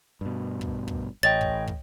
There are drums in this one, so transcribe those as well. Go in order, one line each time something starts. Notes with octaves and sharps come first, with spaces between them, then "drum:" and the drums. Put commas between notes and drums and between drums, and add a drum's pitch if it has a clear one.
G2 B2
drum: kick
drum: kick
A1 C#5 D#5 G5 A6
drum: kick
drum: kick